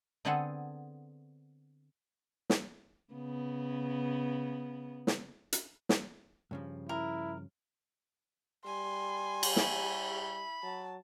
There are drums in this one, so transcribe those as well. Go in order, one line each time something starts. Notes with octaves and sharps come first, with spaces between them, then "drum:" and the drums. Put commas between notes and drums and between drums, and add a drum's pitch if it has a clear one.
D3 B3 C4 G#4 A4 F#5
drum: snare
C#3 B3
drum: snare
drum: hi-hat
drum: snare
G2 C#3 F3
E4 A#4
G3 G#5 C6
drum: cymbal
E4 B5, drum: snare
F#3 A5